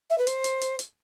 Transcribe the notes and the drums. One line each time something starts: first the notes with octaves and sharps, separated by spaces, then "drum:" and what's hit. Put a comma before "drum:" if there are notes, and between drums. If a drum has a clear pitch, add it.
E5
B4
C5, drum: hi-hat
drum: hi-hat
drum: hi-hat
drum: hi-hat